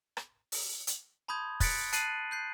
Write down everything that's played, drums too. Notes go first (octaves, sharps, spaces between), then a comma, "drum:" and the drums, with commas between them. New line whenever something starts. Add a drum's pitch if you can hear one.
drum: rim click
drum: open hi-hat
drum: hi-hat
A5 B5 C6 D#6 G6 G#6
F#6 A6 B6 C#7 D7, drum: kick, open hi-hat
A5 F#6 A6 C7 D#7 F#7, drum: hi-hat
F#6 G6 C7